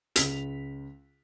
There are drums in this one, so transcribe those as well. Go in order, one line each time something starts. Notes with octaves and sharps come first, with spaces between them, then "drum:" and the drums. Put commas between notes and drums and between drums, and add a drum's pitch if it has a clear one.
C#2 B6 F7, drum: hi-hat